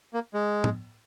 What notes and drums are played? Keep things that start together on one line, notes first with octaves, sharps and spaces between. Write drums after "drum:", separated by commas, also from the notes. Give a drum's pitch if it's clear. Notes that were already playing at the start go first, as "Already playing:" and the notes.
A#3
G#3
drum: tom A2